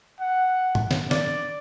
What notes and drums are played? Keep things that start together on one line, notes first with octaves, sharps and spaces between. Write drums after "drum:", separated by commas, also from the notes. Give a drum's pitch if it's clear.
F#5
drum: tom G#2
drum: snare
D5, drum: snare